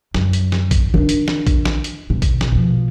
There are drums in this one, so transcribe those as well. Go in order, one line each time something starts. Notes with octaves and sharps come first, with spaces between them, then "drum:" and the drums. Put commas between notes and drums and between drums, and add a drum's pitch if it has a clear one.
F#2, drum: snare
drum: hi-hat
drum: snare
drum: kick A#1, hi-hat
D#3 D4
drum: hi-hat
drum: snare
drum: kick A#1, hi-hat
drum: snare
drum: hi-hat
B2
drum: kick A#1, hi-hat
drum: snare
B2 F3